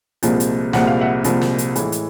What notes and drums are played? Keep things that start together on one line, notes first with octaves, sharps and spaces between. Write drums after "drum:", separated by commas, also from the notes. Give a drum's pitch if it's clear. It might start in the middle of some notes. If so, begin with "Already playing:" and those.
C2 A#2 F3 G#3, drum: hi-hat
drum: hi-hat
C2 A#2 F3 G#3 F#5, drum: snare
F5
E5 F#5
C2 A#2 F3 G#3, drum: hi-hat
drum: snare
drum: hi-hat
A2 E3 G#3, drum: hi-hat
drum: hi-hat